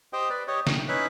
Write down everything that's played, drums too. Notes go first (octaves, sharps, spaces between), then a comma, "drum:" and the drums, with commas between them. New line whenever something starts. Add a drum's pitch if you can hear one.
G4 C5 D#5 G5
B4 D5
G4 C#5 D#5
G5, drum: snare
C#4 D#4 E4 B4 E5 F#6